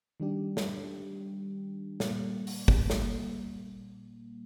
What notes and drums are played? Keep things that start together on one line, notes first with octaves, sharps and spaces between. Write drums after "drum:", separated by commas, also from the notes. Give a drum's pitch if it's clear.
D#3 G3 D4 G4
drum: snare
A#2 G3 A#3, drum: snare
drum: open hi-hat
drum: kick
drum: snare